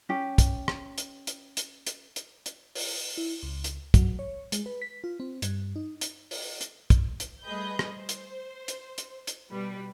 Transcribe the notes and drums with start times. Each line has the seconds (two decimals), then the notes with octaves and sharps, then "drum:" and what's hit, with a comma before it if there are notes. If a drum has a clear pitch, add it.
0.09 C#4 G4
0.38 drum: kick, hi-hat
0.68 drum: rim click
0.98 drum: hi-hat
1.27 drum: hi-hat
1.57 drum: hi-hat
1.87 drum: hi-hat
2.16 drum: hi-hat
2.46 drum: hi-hat
2.75 drum: open hi-hat
3.17 E4
3.43 C#2
3.64 drum: hi-hat
3.94 F#3, drum: kick, hi-hat
4.19 C#5
4.52 G#3, drum: hi-hat
4.66 B4
4.82 B6
5.04 F4
5.20 C4
5.42 G2, drum: hi-hat
5.76 D#4
6.01 drum: hi-hat
6.31 drum: open hi-hat
6.61 drum: hi-hat
6.90 drum: kick, hi-hat
7.20 drum: hi-hat
7.44 G3 A3 G#4 B4 D#5 G6
7.79 drum: rim click
7.94 C5
8.09 drum: hi-hat
8.68 drum: hi-hat
8.98 drum: hi-hat
9.27 drum: hi-hat
9.51 B2 G3 B4